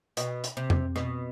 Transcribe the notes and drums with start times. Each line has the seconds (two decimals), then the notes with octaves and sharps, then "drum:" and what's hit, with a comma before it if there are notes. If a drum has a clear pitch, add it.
0.17 B2, drum: hi-hat
0.44 drum: hi-hat
0.57 C3
0.70 drum: tom F2
0.96 B2, drum: rim click